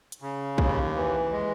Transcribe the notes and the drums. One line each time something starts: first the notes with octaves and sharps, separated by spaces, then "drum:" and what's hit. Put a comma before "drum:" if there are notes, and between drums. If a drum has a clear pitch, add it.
drum: hi-hat
C#3
D#2, drum: kick
E3
G#3